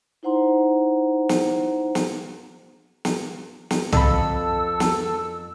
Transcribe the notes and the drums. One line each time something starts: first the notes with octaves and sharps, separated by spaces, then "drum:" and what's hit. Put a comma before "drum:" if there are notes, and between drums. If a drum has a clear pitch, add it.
D#4 E4 C5 F#5 A#5 C6
drum: snare
drum: snare
drum: snare
drum: snare
F2 A4 B5 E6, drum: tom
drum: snare